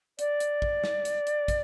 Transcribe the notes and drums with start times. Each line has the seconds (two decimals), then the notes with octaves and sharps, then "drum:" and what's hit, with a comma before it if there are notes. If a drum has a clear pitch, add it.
0.19 D5, drum: hi-hat
0.40 drum: hi-hat
0.62 drum: kick
0.84 drum: snare
1.05 drum: hi-hat
1.27 drum: hi-hat
1.48 drum: kick, hi-hat